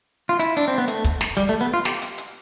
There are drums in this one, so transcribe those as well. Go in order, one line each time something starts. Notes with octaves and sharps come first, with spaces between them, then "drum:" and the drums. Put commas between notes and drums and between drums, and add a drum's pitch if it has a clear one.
F4
E4, drum: hi-hat
D4, drum: hi-hat
C4
B3
A3, drum: hi-hat
drum: kick, hi-hat
drum: snare
G3, drum: hi-hat
A3
B3
F4
G4, drum: snare
drum: hi-hat
drum: hi-hat